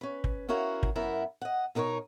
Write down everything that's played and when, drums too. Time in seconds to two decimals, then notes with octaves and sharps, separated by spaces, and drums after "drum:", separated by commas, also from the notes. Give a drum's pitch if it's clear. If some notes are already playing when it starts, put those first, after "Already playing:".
0.01 C#4 B4
0.24 drum: kick
0.49 C#4 E4 F#4 A#4 F5 F#5
0.83 drum: kick
0.95 F#2 B3 E4 A#4
1.41 D#5 F#5
1.75 B2 D#4 A#4 B4 C#5